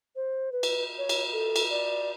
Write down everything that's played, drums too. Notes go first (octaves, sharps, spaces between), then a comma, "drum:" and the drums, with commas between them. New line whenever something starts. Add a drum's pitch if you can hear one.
C5
B4
drum: cymbal
C#5
drum: cymbal
A4
drum: cymbal
D5